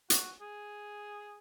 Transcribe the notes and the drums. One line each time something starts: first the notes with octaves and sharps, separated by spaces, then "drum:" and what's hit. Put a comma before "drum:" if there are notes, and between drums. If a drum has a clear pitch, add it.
F#4, drum: hi-hat
G#4